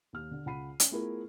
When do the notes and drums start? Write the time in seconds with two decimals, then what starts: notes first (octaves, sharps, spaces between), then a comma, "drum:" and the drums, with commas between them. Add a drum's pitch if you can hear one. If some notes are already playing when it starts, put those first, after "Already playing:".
0.13 D#2 F6
0.31 D3
0.46 C#2 F#5 B5 C7 D#7
0.80 C#4, drum: hi-hat
0.91 A3 B3 E4 F4 G#4 A#4